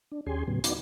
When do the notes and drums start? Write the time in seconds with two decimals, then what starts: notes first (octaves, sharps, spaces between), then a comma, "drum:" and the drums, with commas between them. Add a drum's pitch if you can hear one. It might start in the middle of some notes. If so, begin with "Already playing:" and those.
0.12 D4
0.26 D#2 C#4 G4 G#4 G#5 C6
0.48 A2 C#3 F#3 B3
0.64 B3 D#4 F#4 D5, drum: hi-hat